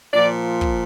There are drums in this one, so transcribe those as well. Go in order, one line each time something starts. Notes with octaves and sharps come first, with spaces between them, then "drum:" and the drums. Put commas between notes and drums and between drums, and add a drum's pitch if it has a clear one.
A#2 F3 D5
drum: kick